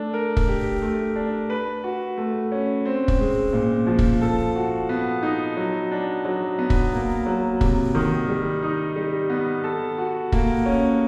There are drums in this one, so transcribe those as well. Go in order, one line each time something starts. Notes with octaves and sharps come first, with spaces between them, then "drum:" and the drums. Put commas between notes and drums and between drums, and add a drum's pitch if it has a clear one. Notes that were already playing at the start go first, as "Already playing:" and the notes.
Already playing: A3 D4
A#4
drum: kick
G4
A3
D4
B4
F#4
A3
C#4
C4
drum: kick
G#3
A#2
F3
drum: kick
A4
F#4
B3
D#4
F#3
D4
F#3
B3
drum: kick
A#3
F#3
C3, drum: kick
D#3
G3
D#4
G3
B3
A4
F#4
A#3, drum: kick
C#4